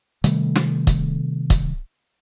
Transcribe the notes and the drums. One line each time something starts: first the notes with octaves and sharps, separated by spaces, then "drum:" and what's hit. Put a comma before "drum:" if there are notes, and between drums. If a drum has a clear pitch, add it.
C3 D#3 G3 A3, drum: hi-hat
drum: snare
drum: kick, hi-hat
drum: kick, hi-hat